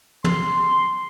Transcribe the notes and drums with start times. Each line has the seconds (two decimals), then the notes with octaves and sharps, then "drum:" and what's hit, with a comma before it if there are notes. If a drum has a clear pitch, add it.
0.24 C6, drum: tom